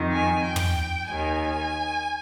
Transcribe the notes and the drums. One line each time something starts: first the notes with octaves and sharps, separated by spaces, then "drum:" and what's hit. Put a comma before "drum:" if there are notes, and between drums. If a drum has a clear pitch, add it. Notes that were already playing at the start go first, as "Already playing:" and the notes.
Already playing: F2 D#3
G#5
G5
drum: tom
D#2 D#3 G#5